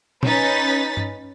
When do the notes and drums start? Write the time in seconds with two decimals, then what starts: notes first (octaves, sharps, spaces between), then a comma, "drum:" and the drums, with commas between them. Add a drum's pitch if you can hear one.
0.23 C#4 D#4 B4 A6 B6, drum: tom A#2
0.97 drum: tom G2